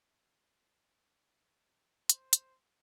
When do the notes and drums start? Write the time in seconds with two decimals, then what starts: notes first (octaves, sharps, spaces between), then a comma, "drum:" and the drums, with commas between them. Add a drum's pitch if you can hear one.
2.09 C5, drum: hi-hat
2.33 drum: hi-hat